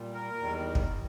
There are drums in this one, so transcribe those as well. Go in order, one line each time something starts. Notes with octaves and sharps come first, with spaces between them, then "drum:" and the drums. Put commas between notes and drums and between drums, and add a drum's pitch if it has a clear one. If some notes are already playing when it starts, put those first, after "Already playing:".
Already playing: A#2 G3
A#4
E2 D#3 G3
drum: kick